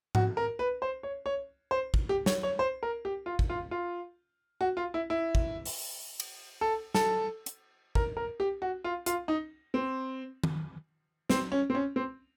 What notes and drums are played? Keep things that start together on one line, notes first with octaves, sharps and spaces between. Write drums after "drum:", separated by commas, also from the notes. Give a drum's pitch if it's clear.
F#4, drum: tom G#2
A#4
B4
C5
C#5
C#5
C5
drum: kick
G4
C#5, drum: snare
C#5
C5
A#4
G4
F4
drum: kick
F4
F4
F#4
F4
E4
E4
drum: kick
drum: open hi-hat
drum: cymbal
A4
A4, drum: snare
drum: hi-hat
A#4, drum: kick
A#4
G4
F#4
F4
F4, drum: hi-hat
D#4
C4
drum: tom D#3
C4, drum: snare
C#4
C4
C#4
C4